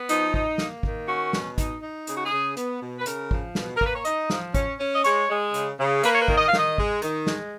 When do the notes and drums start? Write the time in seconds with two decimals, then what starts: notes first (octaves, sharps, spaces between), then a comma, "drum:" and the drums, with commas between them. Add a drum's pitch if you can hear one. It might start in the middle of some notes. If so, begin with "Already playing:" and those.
Already playing: B3
0.09 F3 D#4, drum: hi-hat
0.34 D#4, drum: kick
0.58 A#3, drum: snare
0.83 D#3, drum: kick
1.08 C#4 F#4
1.33 B2, drum: snare
1.58 D#4, drum: kick, hi-hat
1.83 D#4
2.07 C#3 G#4, drum: hi-hat
2.16 F#4
2.26 G#4
2.32 C#3
2.57 B3, drum: hi-hat
2.82 B2
2.99 B4
3.06 C#3 A#4, drum: hi-hat
3.31 F3, drum: kick
3.55 B2, drum: snare
3.76 A#4
3.81 A#3, drum: kick
3.86 B4
3.95 C#5
4.05 D#4 D#5, drum: hi-hat
4.30 F3, drum: snare
4.54 C#4, drum: kick, hi-hat
4.80 C#4
4.95 D#5
5.04 G#3 C#5, drum: hi-hat
5.29 G#3
5.54 C#3, drum: hi-hat
5.79 C#3
6.03 A#3 B4, drum: hi-hat
6.15 C#5
6.21 B4
6.28 D#3, drum: kick
6.36 D#5
6.47 F5
6.53 D#3, drum: snare
6.59 D#5
6.78 G#3, drum: kick
7.02 D#3, drum: hi-hat
7.27 G#3, drum: snare